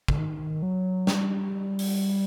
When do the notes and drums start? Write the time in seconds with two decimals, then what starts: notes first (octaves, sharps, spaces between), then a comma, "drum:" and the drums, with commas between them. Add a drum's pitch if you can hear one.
0.08 D3, drum: kick
0.18 D#3
0.62 F#3
1.07 G3, drum: snare
1.79 drum: open hi-hat